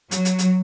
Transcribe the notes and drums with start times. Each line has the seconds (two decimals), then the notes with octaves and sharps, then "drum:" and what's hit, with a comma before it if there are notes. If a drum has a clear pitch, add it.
0.11 F#3, drum: hi-hat
0.25 drum: hi-hat
0.39 drum: hi-hat